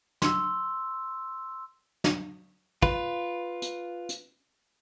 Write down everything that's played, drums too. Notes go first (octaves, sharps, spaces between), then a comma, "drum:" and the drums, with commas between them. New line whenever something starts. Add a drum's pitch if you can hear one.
C6 E6, drum: snare
drum: snare
F4 B4, drum: kick
drum: hi-hat
drum: hi-hat